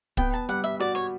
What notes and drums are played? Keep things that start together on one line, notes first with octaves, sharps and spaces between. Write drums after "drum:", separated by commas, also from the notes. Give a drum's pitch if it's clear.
B3 G5, drum: kick
A5
G3 F#5
E5
F#4 D5
C#5